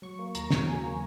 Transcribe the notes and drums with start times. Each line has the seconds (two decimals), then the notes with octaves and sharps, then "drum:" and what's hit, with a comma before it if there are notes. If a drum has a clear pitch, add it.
0.02 F#3 C#6
0.19 A#3
0.35 D#2 A#5, drum: hi-hat
0.50 C#3, drum: snare
0.67 F#3 G#5
0.83 A#3